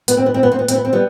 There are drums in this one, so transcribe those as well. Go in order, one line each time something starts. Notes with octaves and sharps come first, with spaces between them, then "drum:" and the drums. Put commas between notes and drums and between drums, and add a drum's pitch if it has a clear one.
B3, drum: hi-hat
C4
B3
C4
B3
C4
B3
C4, drum: hi-hat
B3
C4
G3 B3